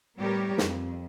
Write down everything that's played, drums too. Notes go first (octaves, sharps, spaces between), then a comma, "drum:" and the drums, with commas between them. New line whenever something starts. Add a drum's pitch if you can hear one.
A2 G3 B3 G4 A#4 C#5
F2, drum: snare